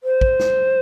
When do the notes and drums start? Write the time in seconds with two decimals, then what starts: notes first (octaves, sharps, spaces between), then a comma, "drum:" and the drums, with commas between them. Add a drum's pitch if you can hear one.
0.03 C5
0.21 drum: kick
0.39 drum: snare